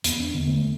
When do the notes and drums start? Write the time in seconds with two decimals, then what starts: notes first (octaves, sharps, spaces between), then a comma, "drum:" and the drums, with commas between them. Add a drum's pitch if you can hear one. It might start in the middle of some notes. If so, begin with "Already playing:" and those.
0.04 E2 B3, drum: hi-hat
0.19 D4
0.34 D3 B3
0.49 A3